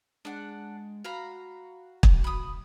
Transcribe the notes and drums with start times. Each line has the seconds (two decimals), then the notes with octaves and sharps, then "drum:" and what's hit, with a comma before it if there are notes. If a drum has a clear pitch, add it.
0.25 G#3 D4 F#5
1.04 F#4 F5 A#5 B5
2.03 drum: kick
2.24 B5 D#6